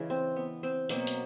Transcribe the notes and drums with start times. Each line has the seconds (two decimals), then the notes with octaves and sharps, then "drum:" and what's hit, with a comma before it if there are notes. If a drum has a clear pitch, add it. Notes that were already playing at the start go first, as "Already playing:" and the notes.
Already playing: C#3 E3 G#3
0.10 C4
0.36 B3
0.63 C4
0.89 B2 F#3 A#3 C4, drum: hi-hat
1.07 drum: hi-hat